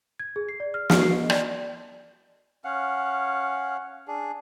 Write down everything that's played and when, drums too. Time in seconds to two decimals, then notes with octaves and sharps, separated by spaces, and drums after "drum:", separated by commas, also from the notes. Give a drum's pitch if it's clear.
0.19 G#6
0.36 G#4
0.49 C7
0.60 D5
0.74 F6
0.90 F6, drum: snare
1.01 C7
1.12 D#5
1.30 D5, drum: rim click
2.65 C#4 F5 F#5
4.08 D4 G#4